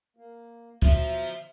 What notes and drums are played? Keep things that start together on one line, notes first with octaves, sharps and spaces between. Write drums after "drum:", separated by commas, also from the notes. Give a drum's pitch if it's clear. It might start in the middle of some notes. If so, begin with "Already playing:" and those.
A#3
B2 F3 C5 E5 A#5, drum: kick